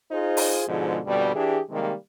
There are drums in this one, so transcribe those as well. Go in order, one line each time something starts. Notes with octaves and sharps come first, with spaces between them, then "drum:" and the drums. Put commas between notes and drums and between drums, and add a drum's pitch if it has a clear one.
D#4 F4 G#4 C5
drum: open hi-hat
G#2 B2 D3 F3 G#3
F2 B2 D3 G3
E3 D4 G4 G#4
C3 D#3 G3 G#3 A#3